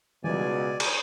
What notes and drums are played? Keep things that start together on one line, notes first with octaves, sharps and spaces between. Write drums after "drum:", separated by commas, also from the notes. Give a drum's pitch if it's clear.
C#2 B2 D#3 E3 G3 D5 G#5
drum: cymbal